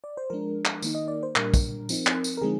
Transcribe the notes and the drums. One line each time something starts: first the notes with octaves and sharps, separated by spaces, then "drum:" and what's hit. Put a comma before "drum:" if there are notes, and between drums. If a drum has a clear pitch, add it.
D5
C5
F3 G#3 D4 A#4
drum: clap
D#3 A#3 D#4, drum: tambourine
D#5
D5
C5
A#2 G3 D4 A#4, drum: clap
drum: kick, tambourine
F3 C4 D#4, drum: tambourine
drum: clap
drum: tambourine
A#4
D3 F3 G#3 C4 D#4 G#4